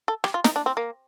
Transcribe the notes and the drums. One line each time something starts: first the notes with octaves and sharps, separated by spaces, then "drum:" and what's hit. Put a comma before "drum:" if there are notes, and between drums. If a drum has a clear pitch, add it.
A4
G4, drum: rim click
F4
D#4, drum: snare
D4
C4
A#3